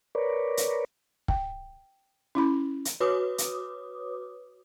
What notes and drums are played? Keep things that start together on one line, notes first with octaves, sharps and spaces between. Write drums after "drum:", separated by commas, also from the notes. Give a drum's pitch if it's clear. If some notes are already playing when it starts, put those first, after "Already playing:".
A#4 B4 C#5 D5
drum: hi-hat
G5, drum: kick
C#4 E4 B5
drum: hi-hat
F#4 B4 C#5 D6 D#6
drum: hi-hat